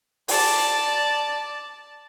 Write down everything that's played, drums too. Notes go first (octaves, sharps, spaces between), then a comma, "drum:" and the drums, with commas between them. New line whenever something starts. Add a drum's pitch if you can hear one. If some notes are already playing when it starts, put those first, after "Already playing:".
D5 A5, drum: open hi-hat